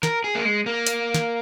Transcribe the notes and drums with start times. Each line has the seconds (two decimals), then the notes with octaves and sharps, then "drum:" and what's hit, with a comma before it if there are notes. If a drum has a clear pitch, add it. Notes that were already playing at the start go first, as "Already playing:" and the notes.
0.03 A#4, drum: snare
0.24 G#4
0.35 A#3
0.45 G#3
0.66 A#3
0.87 drum: hi-hat
1.14 drum: snare